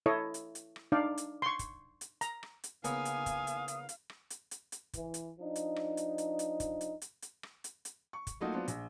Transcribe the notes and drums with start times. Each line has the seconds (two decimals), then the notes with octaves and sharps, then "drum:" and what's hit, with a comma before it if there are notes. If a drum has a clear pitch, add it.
0.06 E4 A4 C#5 D#5
0.34 drum: hi-hat
0.55 drum: hi-hat
0.76 drum: rim click
0.92 D4 D#4 D5 F5
1.18 drum: hi-hat
1.42 C6 C#6
1.59 drum: kick, hi-hat
2.01 drum: hi-hat
2.21 A#5, drum: hi-hat
2.43 drum: rim click
2.64 drum: hi-hat
2.84 C#3 A#3 B3 F5 G#5 D#6, drum: hi-hat
3.05 drum: hi-hat
3.26 drum: kick, hi-hat
3.47 drum: hi-hat
3.68 drum: hi-hat
3.89 drum: hi-hat
4.10 drum: rim click
4.30 drum: hi-hat
4.51 drum: hi-hat
4.72 drum: hi-hat
4.93 E3, drum: kick, hi-hat
5.14 drum: hi-hat
5.38 F3 D4 D#4
5.56 drum: hi-hat
5.76 drum: rim click
5.97 drum: hi-hat
6.18 drum: hi-hat
6.39 drum: hi-hat
6.60 drum: kick, hi-hat
6.81 drum: hi-hat
7.02 drum: hi-hat
7.22 drum: hi-hat
7.43 drum: rim click
7.64 drum: hi-hat
7.85 drum: hi-hat
8.13 C#6
8.27 drum: kick, hi-hat
8.40 F#3 A3 A#3 D#4 F4 F#4
8.53 F#3 B3 C4 D4 F4
8.68 A#1, drum: hi-hat